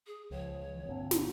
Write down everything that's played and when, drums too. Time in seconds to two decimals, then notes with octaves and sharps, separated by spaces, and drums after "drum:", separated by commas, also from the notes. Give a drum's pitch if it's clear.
0.07 G#4
0.31 C#2 F3 C#5
0.72 E3
0.87 G1 A#2 D3 C4
1.11 drum: snare